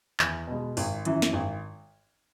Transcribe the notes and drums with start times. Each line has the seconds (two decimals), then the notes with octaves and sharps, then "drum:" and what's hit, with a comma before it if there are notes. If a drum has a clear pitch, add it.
0.19 E2, drum: clap
0.47 B2 G#3
0.77 G#1, drum: open hi-hat
1.05 F#2 E3, drum: hi-hat
1.22 drum: snare
1.33 G#1